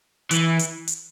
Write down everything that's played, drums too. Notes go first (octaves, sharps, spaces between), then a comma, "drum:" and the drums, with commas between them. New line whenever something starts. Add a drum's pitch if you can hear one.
E3, drum: hi-hat
drum: hi-hat
drum: hi-hat